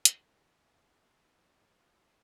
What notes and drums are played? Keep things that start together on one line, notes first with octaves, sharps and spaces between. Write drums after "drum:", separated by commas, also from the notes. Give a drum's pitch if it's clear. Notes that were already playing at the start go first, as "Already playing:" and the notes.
drum: hi-hat
C2
E4
E2
F#2
E3
F5
G#4
E5
E4
A#3
C4
G#4